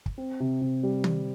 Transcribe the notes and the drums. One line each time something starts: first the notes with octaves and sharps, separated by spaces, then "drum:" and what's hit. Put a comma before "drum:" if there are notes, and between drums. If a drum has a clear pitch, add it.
drum: kick
C4
C3
C3
G3
C4, drum: tom D#3